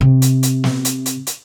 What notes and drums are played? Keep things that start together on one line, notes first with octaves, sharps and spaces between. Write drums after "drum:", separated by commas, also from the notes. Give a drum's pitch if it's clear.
C3
drum: hi-hat
drum: hi-hat
drum: snare
drum: hi-hat
drum: hi-hat
drum: hi-hat